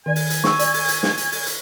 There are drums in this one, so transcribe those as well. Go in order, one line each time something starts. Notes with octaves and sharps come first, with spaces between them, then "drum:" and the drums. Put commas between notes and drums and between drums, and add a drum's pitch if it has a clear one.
D#3 D5 G#5
drum: open hi-hat
drum: hi-hat
C#6 E6, drum: snare
D5, drum: hi-hat
drum: open hi-hat
drum: hi-hat
drum: snare
drum: hi-hat
drum: open hi-hat
drum: hi-hat